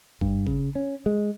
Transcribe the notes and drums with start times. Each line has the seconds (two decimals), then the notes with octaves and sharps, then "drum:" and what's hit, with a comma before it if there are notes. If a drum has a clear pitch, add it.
0.21 G2, drum: kick G1
0.47 C#3, drum: kick G1
0.75 C#4
1.06 G#3